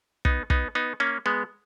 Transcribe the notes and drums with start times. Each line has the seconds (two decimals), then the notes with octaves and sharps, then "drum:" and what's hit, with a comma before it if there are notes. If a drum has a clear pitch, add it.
0.25 B3 D#4, drum: kick
0.50 B3 D#4, drum: kick
0.75 B3 D#4
1.00 A#3 C#4
1.26 G#3 B3